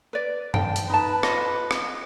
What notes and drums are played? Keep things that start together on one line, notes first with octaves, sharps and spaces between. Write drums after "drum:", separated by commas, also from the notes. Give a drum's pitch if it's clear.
B4 D5
G5 A5, drum: tom F#2
drum: hi-hat
D#4 B4 A5
F4 D#5, drum: rim click
drum: rim click